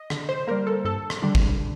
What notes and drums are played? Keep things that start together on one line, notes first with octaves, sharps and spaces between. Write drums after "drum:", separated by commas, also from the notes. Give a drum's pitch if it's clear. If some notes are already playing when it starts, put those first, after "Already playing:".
Already playing: D#5
D3, drum: rim click
C5
G3 A#3 A#4
A4
G2 A4
drum: rim click
D3 G3 D4
drum: kick G#1